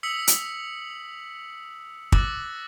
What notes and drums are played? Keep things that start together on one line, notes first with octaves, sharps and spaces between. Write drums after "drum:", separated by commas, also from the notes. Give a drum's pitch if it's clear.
D#6 E6 B6 C#7 F#7
drum: hi-hat
D6 E6 F#6 A6 A#6, drum: kick